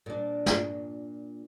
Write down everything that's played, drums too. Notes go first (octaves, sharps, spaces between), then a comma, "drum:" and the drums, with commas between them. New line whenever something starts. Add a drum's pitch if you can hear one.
A#2 D4
drum: snare